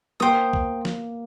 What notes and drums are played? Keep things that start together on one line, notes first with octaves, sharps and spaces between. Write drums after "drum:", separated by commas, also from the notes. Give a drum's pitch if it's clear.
A#3 C5 G5 D#6
drum: kick B1
drum: snare